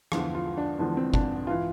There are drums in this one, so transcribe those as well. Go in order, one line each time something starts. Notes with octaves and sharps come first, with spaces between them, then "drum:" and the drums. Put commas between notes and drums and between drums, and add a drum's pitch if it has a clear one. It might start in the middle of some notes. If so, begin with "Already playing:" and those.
E2 D3 F3 F4, drum: rim click
F4
D4
E2 D3 F3 D4
C4
D4, drum: kick G1
E3 F4